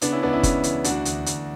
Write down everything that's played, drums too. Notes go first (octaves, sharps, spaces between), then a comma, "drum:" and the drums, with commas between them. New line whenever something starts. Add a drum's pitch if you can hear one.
C#3 B3 D4, drum: hi-hat
C#4 E4
C#2 B3 D4
C#4 E4
C#3, drum: kick F#1, hi-hat
E3, drum: hi-hat
D2 D4 F#4, drum: hi-hat
D2, drum: hi-hat
D2, drum: hi-hat